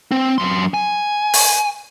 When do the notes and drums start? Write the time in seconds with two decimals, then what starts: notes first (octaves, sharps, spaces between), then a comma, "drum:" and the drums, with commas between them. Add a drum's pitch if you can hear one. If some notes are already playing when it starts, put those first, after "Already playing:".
0.11 C4
0.38 F#2 C6
0.74 G#5
1.34 drum: open hi-hat